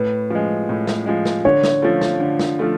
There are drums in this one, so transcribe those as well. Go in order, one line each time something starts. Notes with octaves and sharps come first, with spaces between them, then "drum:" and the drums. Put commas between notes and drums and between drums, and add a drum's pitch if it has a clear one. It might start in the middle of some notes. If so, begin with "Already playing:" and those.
Already playing: A2 B4
F3 G#3
A2
drum: snare
F3 G#3
drum: snare
D3 C#5
drum: snare
F3 A3 F4
drum: snare
D3
drum: snare
F3 A3 F4